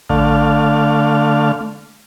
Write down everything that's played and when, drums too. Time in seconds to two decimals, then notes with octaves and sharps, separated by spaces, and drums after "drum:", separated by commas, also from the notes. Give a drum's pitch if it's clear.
0.10 D3 A3 F5, drum: kick A1
1.61 drum: tom G#3